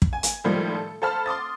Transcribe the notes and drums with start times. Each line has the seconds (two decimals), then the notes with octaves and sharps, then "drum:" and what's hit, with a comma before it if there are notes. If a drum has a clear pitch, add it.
0.02 drum: kick
0.13 G#5
0.23 drum: hi-hat
0.44 A2 D#3 F3 G3 G#3
0.74 A4
1.02 A4 C5 A5 B5 F6
1.26 C6 D6 D#6 A6